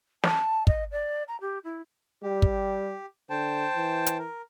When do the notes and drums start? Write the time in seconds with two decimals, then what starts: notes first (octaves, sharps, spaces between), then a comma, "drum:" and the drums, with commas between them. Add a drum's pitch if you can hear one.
0.24 A5, drum: snare
0.67 D#5, drum: kick
0.92 D5
1.28 A#5
1.41 G4
1.64 E4
2.23 G3 G4
2.42 drum: kick
3.30 D3 C5 G5 A5
3.76 E3
4.06 drum: hi-hat
4.19 A#4